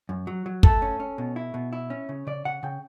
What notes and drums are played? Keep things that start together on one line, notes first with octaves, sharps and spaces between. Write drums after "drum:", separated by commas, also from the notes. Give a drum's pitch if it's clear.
F#2
F#3
F#3
A3 A4, drum: kick
C#4
C#4
B2
E4
B2
E4
C#4
C#3
C#3 D5
C#3 F#5
C#3 G5